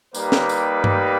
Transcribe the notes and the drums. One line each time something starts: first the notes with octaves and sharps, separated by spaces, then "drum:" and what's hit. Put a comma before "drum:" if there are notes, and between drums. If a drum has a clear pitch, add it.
G3 A#3 D#4 G4 B4, drum: tambourine
drum: snare
drum: tambourine
drum: tom G2